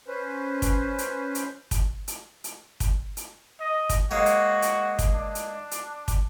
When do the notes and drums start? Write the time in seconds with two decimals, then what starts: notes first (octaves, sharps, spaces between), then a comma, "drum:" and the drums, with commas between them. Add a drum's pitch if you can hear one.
0.07 C#4 B4 C5
0.62 drum: kick, hi-hat
0.98 drum: hi-hat
1.35 drum: hi-hat
1.71 drum: kick, hi-hat
2.08 drum: hi-hat
2.44 drum: hi-hat
2.80 drum: kick, hi-hat
3.17 drum: hi-hat
3.60 D#5
3.89 drum: kick, hi-hat
4.11 G#3 A#3 F#4 C#5
4.26 drum: hi-hat
4.62 drum: hi-hat
4.99 drum: kick, hi-hat
5.13 D4
5.35 drum: hi-hat
5.71 drum: hi-hat
6.08 drum: kick, hi-hat